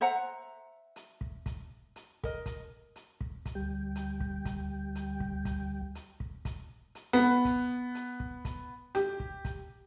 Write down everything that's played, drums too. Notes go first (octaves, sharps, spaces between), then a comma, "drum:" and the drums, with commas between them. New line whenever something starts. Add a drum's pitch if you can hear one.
C5 E5 F#5 A#5
drum: hi-hat
drum: kick
drum: kick, hi-hat
drum: hi-hat
A#4 D#5, drum: kick
drum: kick, hi-hat
drum: hi-hat
drum: kick
drum: kick, hi-hat
D2 G3 G5
drum: hi-hat
drum: kick
drum: kick, hi-hat
drum: hi-hat
drum: kick
drum: kick, hi-hat
drum: hi-hat
drum: kick
drum: kick, hi-hat
drum: hi-hat
B3
drum: kick, hi-hat
drum: hi-hat
drum: kick
drum: kick, hi-hat
G4, drum: hi-hat
drum: kick
drum: kick, hi-hat